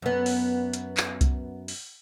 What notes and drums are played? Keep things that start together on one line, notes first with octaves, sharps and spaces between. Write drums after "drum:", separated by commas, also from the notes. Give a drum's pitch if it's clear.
F#2 B3
drum: open hi-hat
drum: hi-hat
drum: clap
drum: kick C2, hi-hat
drum: open hi-hat